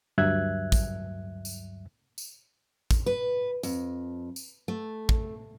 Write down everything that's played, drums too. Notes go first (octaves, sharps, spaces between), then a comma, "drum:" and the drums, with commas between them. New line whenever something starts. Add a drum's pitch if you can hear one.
D2 G2 F#3 E5 F#6 G#6
drum: kick, tambourine
drum: tambourine
drum: tambourine
drum: kick, tambourine
B4
F2, drum: tambourine
drum: tambourine
A3
drum: kick